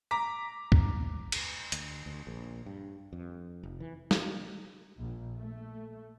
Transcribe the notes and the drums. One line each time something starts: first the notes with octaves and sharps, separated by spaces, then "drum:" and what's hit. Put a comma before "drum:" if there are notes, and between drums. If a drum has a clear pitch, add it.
A#5 D6 B6
drum: kick
drum: cymbal
D2, drum: hi-hat
D2
A#1
G2
F2
F1
E3
drum: snare
A#1
A3